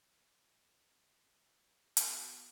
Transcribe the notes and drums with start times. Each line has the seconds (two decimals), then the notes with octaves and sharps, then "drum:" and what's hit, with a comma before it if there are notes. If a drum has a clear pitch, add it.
1.97 B2, drum: hi-hat